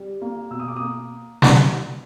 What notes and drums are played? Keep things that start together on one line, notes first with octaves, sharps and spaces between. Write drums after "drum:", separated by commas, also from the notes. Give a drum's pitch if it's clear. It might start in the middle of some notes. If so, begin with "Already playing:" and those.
Already playing: G3
A#3
B2 E6
D#6
D6
A#3 D#6
drum: snare